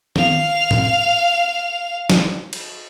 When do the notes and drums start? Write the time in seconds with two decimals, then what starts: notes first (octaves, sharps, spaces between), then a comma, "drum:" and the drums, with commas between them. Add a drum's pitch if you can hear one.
0.16 F5 F7, drum: tom D#3
0.71 drum: tom A2
2.10 drum: snare
2.53 drum: cymbal